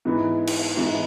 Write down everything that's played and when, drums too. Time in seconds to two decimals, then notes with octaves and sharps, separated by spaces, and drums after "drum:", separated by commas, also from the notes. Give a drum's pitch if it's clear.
0.05 G#2 E3 B3 E4
0.47 drum: cymbal
0.77 G#2 E3 B3 E4